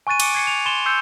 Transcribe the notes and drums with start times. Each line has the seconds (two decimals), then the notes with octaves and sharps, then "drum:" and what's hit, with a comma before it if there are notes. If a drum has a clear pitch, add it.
0.07 G#5 C#6 F#6 A6 D#7
0.20 D6 C#7 D7, drum: cymbal
0.35 G#6 C7 C#7
0.47 F7
0.66 C6 A6 E7 G7
0.86 C6 E6 G6 C7 C#7 E7